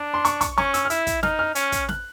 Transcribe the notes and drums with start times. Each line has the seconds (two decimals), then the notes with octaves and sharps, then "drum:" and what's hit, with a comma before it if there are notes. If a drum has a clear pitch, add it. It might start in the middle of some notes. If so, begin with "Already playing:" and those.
Already playing: D4 D6
0.14 C6
0.25 C#6, drum: hi-hat
0.41 C#6, drum: kick, hi-hat
0.58 C#4 C#6, drum: snare
0.74 E6, drum: hi-hat
0.85 F6
0.90 E4 E6, drum: hi-hat
1.07 drum: kick, hi-hat
1.23 D#4 F6, drum: snare
1.39 F6
1.55 C#4, drum: hi-hat
1.72 drum: kick, hi-hat
1.89 F#6, drum: snare